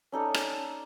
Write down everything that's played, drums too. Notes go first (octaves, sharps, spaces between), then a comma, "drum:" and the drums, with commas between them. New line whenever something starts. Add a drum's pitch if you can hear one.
C#4 D#4 A4 D5
drum: rim click